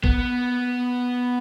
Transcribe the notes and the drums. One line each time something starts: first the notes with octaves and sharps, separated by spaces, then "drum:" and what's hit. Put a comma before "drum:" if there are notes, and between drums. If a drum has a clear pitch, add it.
B3, drum: kick